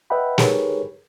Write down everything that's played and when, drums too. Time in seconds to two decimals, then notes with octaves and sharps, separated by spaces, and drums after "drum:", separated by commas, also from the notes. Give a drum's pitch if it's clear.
0.10 B4 D#5 E5 F#5 G5 B5
0.38 D#4 G4 G#4 A#4 B4 C#5, drum: snare